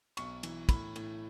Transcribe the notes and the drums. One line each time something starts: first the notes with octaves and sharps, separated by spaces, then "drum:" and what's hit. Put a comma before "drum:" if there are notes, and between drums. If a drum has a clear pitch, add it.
B1 C#6, drum: cymbal
E3, drum: cymbal
A2 B5, drum: kick, cymbal
A2, drum: cymbal